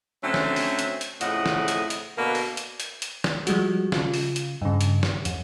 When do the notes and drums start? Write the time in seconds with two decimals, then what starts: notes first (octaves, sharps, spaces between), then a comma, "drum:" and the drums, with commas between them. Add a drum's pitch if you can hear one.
0.23 D3 F#3 A3 C4 C#4
0.34 drum: snare
0.56 drum: open hi-hat
0.79 drum: hi-hat
1.01 drum: hi-hat
1.21 F2 A2 C#3 D#5 F#5, drum: hi-hat
1.46 drum: snare
1.68 drum: hi-hat
1.90 drum: hi-hat
2.17 B2 D3 A#3 F#4 A#4
2.35 drum: open hi-hat
2.57 drum: hi-hat
2.80 drum: hi-hat
3.02 drum: hi-hat
3.24 drum: snare
3.47 F3 G3 G#3 F#4, drum: hi-hat
3.92 C#3 F4, drum: snare
4.14 drum: open hi-hat
4.36 drum: hi-hat
4.62 G2 C#3
4.81 drum: hi-hat
5.03 drum: snare
5.25 F2, drum: hi-hat